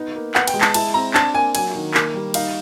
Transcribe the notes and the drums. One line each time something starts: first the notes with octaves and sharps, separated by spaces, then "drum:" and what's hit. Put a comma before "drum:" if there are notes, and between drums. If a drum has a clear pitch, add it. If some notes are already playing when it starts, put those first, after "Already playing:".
Already playing: B3 D#4
A#3
B3 F#5, drum: clap
G5, drum: cymbal
G#3
A5, drum: clap
E4 A5, drum: cymbal
C4 A#5
D4 A5, drum: clap
A#3 G#5
F#3 G#5, drum: cymbal
D#3
A#3, drum: clap
G3
D#4 F5, drum: cymbal